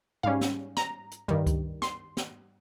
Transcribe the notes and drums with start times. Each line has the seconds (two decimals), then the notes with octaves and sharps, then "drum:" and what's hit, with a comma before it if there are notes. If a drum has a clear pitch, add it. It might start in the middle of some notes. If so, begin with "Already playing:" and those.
0.23 G#2 G3 C#4 F5
0.41 drum: snare
0.77 A#5, drum: snare
1.11 drum: hi-hat
1.28 G2 D#3 G3, drum: tom
1.47 drum: kick C#2, hi-hat
1.82 C6, drum: snare
2.17 drum: snare